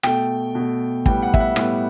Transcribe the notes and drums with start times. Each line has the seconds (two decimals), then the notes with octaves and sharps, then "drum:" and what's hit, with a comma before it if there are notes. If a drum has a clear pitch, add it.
0.03 B2 A3 G5, drum: rim click
0.55 B2 A3
1.06 A2 G3 B3 G5, drum: kick
1.22 F#5
1.34 E5, drum: kick
1.40 F#5
1.56 A2 G3 B3, drum: rim click